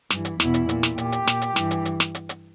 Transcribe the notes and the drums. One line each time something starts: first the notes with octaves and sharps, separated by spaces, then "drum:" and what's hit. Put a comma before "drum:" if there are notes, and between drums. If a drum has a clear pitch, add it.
G2 E3, drum: snare
drum: hi-hat
E2 B2 E4, drum: snare
drum: hi-hat
A#2, drum: hi-hat
drum: snare
A#2 G4, drum: hi-hat
drum: hi-hat
A#2, drum: snare
drum: hi-hat
G2 E3, drum: snare
drum: hi-hat
drum: hi-hat
drum: snare
drum: hi-hat
drum: hi-hat